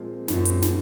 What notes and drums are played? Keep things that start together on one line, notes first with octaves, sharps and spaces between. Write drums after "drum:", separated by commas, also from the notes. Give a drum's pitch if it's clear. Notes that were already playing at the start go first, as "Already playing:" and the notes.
Already playing: A#2 F3 G#3 C4
F#2 A#2 F3 G#3 C4, drum: snare
drum: hi-hat
drum: snare